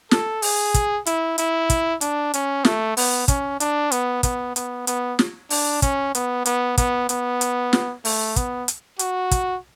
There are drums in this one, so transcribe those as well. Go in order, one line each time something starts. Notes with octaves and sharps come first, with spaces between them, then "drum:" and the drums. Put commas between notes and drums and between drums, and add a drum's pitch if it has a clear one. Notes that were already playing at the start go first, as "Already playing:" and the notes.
A4, drum: snare
G#4, drum: open hi-hat
drum: kick, hi-hat
E4, drum: hi-hat
E4, drum: hi-hat
drum: kick, hi-hat
D4, drum: hi-hat
C#4, drum: hi-hat
A3, drum: snare
B3, drum: open hi-hat
C#4, drum: kick, hi-hat
D4, drum: hi-hat
B3, drum: hi-hat
B3, drum: kick, hi-hat
B3, drum: hi-hat
B3, drum: hi-hat
drum: snare
D4, drum: open hi-hat
C#4, drum: kick, hi-hat
B3, drum: hi-hat
B3, drum: hi-hat
B3, drum: kick, hi-hat
B3, drum: hi-hat
drum: hi-hat
drum: snare
A3, drum: open hi-hat
B3, drum: kick, hi-hat
drum: hi-hat
F#4, drum: hi-hat
drum: kick, hi-hat